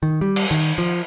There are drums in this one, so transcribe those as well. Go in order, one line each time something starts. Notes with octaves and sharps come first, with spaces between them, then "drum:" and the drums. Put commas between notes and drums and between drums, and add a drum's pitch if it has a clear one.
D#3
G3
drum: cymbal
D#3
F3